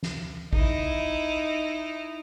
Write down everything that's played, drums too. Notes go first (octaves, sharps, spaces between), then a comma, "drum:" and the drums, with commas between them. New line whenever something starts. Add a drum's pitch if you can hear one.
drum: snare
D#4 E4, drum: kick